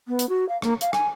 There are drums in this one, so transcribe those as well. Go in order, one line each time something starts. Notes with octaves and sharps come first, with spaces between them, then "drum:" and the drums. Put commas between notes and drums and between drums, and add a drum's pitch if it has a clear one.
B3
drum: hi-hat
F#4
F5
A#3, drum: rim click
F5, drum: hi-hat
G#5, drum: rim click